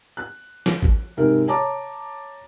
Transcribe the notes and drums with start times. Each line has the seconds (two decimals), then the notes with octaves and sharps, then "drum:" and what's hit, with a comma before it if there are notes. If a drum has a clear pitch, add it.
0.17 F#6
0.66 drum: snare
0.82 drum: kick A1
1.17 G#2 C3 A#4
1.48 C#5 A5 A#5 D6